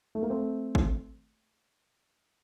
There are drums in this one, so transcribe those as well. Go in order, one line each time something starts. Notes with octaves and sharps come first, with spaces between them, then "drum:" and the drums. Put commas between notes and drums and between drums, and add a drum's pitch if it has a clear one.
A3
A#3
A3 C4
drum: kick G#1